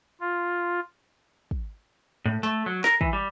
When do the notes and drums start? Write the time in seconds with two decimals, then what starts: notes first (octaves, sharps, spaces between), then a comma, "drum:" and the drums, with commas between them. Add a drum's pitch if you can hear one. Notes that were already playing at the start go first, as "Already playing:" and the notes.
0.20 F4
1.51 drum: kick
2.25 A2
2.43 A3, drum: tambourine
2.66 F#3
2.84 A#4, drum: snare
3.01 E3, drum: kick
3.13 G3